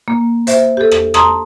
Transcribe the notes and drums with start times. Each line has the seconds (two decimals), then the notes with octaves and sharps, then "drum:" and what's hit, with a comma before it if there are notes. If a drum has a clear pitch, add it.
0.08 A#3
0.47 C5 E5, drum: hi-hat
0.77 G4 A4
0.91 drum: rim click
1.14 A5 A#5 C6 D#6, drum: rim click